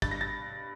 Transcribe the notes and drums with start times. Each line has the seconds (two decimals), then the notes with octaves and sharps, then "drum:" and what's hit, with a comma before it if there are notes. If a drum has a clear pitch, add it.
0.02 G2 A6, drum: kick
0.11 A#6
0.21 A6